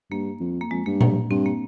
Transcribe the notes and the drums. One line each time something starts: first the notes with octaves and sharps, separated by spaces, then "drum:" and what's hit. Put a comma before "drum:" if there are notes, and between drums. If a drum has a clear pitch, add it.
G2 A#3
F2
A#3
F2 G#3
G2 A#3
A#3, drum: tom A#2
G2 C4
A#3